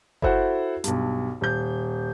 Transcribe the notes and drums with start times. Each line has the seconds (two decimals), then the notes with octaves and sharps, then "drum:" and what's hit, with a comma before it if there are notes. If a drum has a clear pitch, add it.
0.22 E4 F#4 A4 C5 F#5, drum: kick F#1
0.84 B1 G2, drum: hi-hat
1.41 D#1 G6